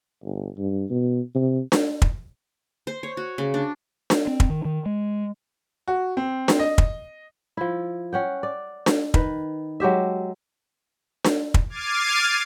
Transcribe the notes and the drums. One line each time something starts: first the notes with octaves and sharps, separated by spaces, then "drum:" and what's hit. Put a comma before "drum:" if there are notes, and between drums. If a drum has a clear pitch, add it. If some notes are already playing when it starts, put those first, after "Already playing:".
G1
G2
B2
C3
drum: snare D4
drum: kick
C5
C#5
F#4
C#3
D4
drum: snare D4
C4
drum: kick
D#3
D#3
G#3
F#4
C4
drum: snare D4
D#5
drum: kick
F3 E4
C#4 F#5 G5
D5
drum: snare D4
D#3 B4, drum: kick
F#3 G#3 G4 E5
drum: snare D4
drum: kick
D6 F6 G#6 A6 C7 D#7